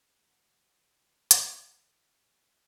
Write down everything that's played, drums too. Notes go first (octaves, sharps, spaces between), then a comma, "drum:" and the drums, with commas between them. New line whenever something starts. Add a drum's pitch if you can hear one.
D3 A3 F#4 F#5 C6
drum: hi-hat
G5